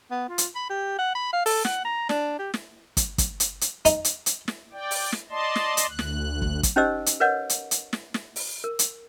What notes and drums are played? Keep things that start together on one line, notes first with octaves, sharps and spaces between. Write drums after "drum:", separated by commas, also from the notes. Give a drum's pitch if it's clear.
B3
F4
drum: hi-hat
B5
G4
F#5
B5
F5
A4, drum: open hi-hat
F#5, drum: snare
A#5
D4, drum: snare
G4
drum: snare
drum: kick, hi-hat
drum: kick, hi-hat
drum: hi-hat
drum: hi-hat
D#4, drum: hi-hat
drum: hi-hat
drum: hi-hat
drum: snare
D5 G5
drum: open hi-hat
drum: snare
D5 D#5 A5 C6
drum: snare
drum: hi-hat
D2 F#6
drum: snare
drum: kick
drum: kick, hi-hat
C#4 D#4 G4 C5 D#5 E6
drum: hi-hat
A#4 B4 C#5 D#5 F#5
drum: hi-hat
drum: hi-hat
drum: snare
drum: snare
drum: open hi-hat
A#4
drum: hi-hat